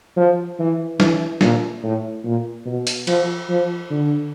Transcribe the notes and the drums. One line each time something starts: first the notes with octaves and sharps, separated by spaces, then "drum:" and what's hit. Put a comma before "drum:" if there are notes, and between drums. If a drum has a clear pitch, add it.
F3
E3
E3, drum: snare
A#2, drum: snare
A2
A#2
B2
drum: hi-hat
F3, drum: cymbal
F3
D3